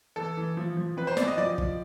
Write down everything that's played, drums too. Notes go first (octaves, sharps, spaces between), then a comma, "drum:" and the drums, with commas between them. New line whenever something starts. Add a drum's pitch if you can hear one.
E3 A4
E3
F3
F3
C4 B4
C5
C4 D5, drum: snare
D#5
F3 D5
F3, drum: kick